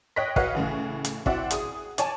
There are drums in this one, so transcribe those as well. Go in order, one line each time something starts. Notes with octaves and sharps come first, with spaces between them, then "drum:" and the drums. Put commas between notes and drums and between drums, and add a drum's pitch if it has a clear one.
C#5 D#5 G5 F#6 A#6 B6
F#4 B4 C#5 D#5 F5 F#5, drum: kick
A2 C#3 E3
drum: hi-hat
C4 E4 F#4 D5 E5 F#5, drum: kick
G#4 D#6, drum: hi-hat
C#5 D5 G#5 A5, drum: hi-hat